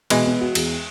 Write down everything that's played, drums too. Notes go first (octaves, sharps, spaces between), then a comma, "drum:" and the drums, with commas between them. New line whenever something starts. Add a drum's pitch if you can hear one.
B2 E3 G#3, drum: cymbal
B3
F#4
E2, drum: cymbal